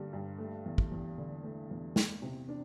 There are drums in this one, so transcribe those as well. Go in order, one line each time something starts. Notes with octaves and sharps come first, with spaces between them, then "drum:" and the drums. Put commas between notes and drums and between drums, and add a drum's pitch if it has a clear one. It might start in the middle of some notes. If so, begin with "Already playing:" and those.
Already playing: G2 D3 G3 A#3
G2
A3
E2
drum: kick
E2
D3
A3
E2
A#3, drum: snare
C3
D4